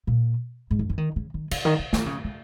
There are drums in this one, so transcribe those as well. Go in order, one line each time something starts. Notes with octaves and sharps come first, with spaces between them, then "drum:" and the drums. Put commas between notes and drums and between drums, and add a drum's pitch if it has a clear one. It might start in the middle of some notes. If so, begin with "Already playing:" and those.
A#2
G#2
F#2
E3
D#3
C#3
D#3
C#3, drum: cymbal
D#3
C#3
D#3, drum: snare
C#3
C#3